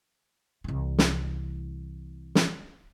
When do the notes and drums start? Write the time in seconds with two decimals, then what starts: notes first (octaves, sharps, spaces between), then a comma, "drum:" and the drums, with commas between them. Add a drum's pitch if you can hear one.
0.64 C2 E3
0.98 drum: snare
2.35 drum: snare